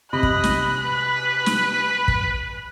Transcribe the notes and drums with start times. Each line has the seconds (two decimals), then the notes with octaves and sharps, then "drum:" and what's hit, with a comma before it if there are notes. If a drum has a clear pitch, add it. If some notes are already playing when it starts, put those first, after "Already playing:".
0.13 C3 D#5 B5 F#6
0.23 drum: kick
0.44 drum: snare
0.85 B4
1.46 drum: snare
2.08 drum: kick